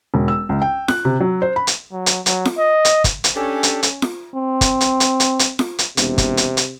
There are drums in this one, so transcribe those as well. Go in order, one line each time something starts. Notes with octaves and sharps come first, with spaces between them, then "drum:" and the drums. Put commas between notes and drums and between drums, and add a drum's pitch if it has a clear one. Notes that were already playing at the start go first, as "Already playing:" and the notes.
E1
E6
C#2
G5
F#6, drum: snare F4
C3
F#3
C5
B5
drum: hi-hat
F#3
drum: hi-hat
F#3, drum: hi-hat
drum: snare F4
D#5
drum: hi-hat
drum: kick, hi-hat
drum: hi-hat
C#4 D4 G4 A4
drum: hi-hat
drum: hi-hat
drum: snare F4
C4
drum: kick, hi-hat
drum: hi-hat
drum: hi-hat
drum: hi-hat
drum: hi-hat
drum: snare F4
drum: hi-hat
E1 C3, drum: hi-hat
drum: kick, hi-hat
drum: hi-hat
drum: hi-hat